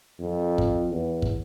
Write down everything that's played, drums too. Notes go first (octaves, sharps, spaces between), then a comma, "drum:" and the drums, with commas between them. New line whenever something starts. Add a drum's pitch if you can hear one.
F2
drum: kick
E2
drum: kick